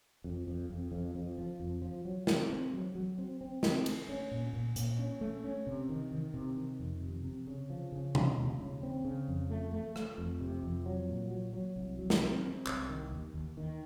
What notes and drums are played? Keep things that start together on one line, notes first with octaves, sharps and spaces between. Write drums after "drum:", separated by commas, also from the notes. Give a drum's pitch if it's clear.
F2
F2
F2
F2
F2
F3
F2
F3
F#3
C4, drum: snare
C4
F#3
F#3
C4
C4
C4, drum: snare
A3, drum: cymbal
C#4
A#2
A#2
A#2, drum: hi-hat
C#4
A3
C#4
C3
D#3
D#3
C3
D#3
F2
C3
C3
C#3
F3
C#3
F3, drum: tom B2
D#2
C#3
C4
C#3
F2
A3
A3
A3, drum: rim click
F2
C3
F2
F#3
A#2
F#3
F#3
C2
F#3
drum: snare
C4
C4
C2, drum: clap
D#3
D#2
D#2
D#3